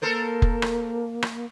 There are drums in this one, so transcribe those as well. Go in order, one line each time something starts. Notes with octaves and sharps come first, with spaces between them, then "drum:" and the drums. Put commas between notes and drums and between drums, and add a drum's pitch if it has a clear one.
A#3 A4 A#4 C5
drum: kick F1
drum: rim click
drum: rim click